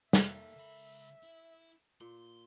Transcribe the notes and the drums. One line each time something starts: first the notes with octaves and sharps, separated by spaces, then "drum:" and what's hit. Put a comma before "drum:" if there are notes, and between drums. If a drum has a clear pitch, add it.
A#3 D#4 A4 A#4 E5, drum: snare
C#2 B5
E4
A#2 C6